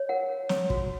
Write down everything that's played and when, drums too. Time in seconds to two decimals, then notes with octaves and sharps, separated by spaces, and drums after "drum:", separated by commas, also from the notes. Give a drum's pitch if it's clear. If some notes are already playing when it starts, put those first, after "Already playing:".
Already playing: C#5
0.09 A#4 F#5
0.30 A#4
0.49 C#5, drum: snare
0.70 F#4, drum: kick